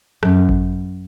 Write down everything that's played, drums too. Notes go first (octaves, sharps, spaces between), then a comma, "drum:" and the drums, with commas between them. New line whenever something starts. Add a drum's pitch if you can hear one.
F#2, drum: rim click
drum: kick G#1